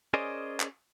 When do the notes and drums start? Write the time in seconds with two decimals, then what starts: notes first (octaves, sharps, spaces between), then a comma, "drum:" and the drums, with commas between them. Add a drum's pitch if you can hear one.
0.14 C#4 G#4 A#4 C5 D5 D#5
0.60 drum: clap